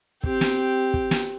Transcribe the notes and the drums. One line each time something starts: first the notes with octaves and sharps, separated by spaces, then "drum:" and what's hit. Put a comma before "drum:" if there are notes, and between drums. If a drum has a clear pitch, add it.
C4 G4, drum: kick
drum: snare
drum: kick
drum: snare